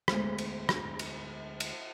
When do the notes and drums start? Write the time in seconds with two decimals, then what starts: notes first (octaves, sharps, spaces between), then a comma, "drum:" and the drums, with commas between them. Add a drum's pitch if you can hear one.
0.08 D2 G#3 B3 C5, drum: rim click
0.38 drum: cymbal
0.69 drum: rim click
0.99 drum: cymbal
1.60 drum: cymbal